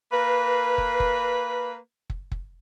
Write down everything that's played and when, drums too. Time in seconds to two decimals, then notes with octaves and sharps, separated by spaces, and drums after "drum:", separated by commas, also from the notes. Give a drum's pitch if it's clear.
0.12 A#3 B4
0.78 drum: kick
1.00 drum: kick
2.10 drum: kick
2.32 drum: kick